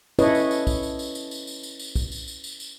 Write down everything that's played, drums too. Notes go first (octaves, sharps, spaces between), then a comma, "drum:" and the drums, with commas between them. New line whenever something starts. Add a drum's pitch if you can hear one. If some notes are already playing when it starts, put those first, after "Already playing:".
C#4 E4 A4 B4 C#5 D#5, drum: tambourine
drum: tambourine
drum: tambourine
drum: kick B1, tambourine
drum: tambourine
drum: tambourine
drum: tambourine
drum: tambourine
drum: tambourine
drum: tambourine
drum: tambourine
drum: kick B1, tambourine
drum: tambourine
drum: tambourine
drum: tambourine
drum: tambourine